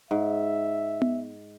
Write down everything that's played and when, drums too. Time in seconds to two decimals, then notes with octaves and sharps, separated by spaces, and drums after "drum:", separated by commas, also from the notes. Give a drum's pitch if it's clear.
0.11 G#2 E5
1.02 drum: tom B3